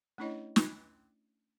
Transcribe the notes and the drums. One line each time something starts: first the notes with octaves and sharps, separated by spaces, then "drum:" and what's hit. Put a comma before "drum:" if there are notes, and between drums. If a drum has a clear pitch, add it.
A3 C#4 D4 E4 C#5 D#5
drum: snare